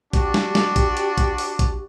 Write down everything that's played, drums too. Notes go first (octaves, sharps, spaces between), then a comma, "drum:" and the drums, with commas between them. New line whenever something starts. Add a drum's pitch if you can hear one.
D4 F#4 G4 D5, drum: kick, hi-hat
drum: snare
drum: snare
drum: kick, hi-hat
drum: hi-hat
drum: kick, hi-hat
drum: open hi-hat
drum: kick, hi-hat